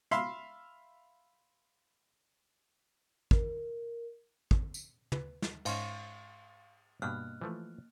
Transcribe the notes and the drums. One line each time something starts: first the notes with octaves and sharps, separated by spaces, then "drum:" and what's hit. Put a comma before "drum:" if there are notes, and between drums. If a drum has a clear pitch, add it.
E5 F5 B5 C6, drum: hi-hat
A#4, drum: kick
drum: kick
drum: tambourine
B4, drum: tom
drum: snare
G#2 C#4 F5 C6 C#6, drum: cymbal
G2 B2 G3 A#3 F6 F#6
E3 F3 A3